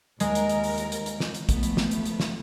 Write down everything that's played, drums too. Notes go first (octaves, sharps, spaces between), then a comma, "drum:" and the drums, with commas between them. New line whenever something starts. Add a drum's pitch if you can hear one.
D#2 G#3 A#4, drum: hi-hat
drum: hi-hat
drum: hi-hat
drum: open hi-hat
drum: hi-hat
drum: hi-hat
drum: hi-hat
drum: snare
drum: hi-hat
F3 A3 B3, drum: kick, hi-hat
drum: hi-hat
drum: snare
drum: hi-hat
drum: hi-hat
drum: snare